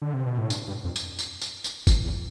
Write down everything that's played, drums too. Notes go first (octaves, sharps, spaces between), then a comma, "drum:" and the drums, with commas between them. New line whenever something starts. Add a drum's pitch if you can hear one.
D3
C3
B2
A2
G2, drum: tambourine
G2
F2
drum: tambourine
drum: tambourine
drum: tambourine
drum: tambourine
F2, drum: kick G1, tambourine
E2